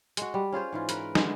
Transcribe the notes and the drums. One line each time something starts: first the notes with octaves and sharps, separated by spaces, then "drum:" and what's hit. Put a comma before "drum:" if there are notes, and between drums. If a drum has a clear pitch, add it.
G#3 F#4, drum: hi-hat
G3
C#4 F4 G#4 C5
G#2 E3 F4
A#4 B4, drum: hi-hat
D3 E3 G#3, drum: snare